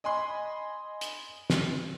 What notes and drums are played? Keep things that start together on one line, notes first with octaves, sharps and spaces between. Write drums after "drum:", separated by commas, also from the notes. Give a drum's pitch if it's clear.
D#5 G#5 B5 C6
drum: hi-hat
drum: snare